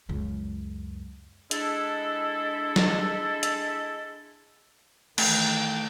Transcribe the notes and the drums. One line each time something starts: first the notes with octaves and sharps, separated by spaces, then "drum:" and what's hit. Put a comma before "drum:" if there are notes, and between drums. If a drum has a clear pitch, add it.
C#2 F#2
G#3 D4 E4 A4, drum: hi-hat
drum: snare
drum: hi-hat
D#3 E3 A3 G5, drum: cymbal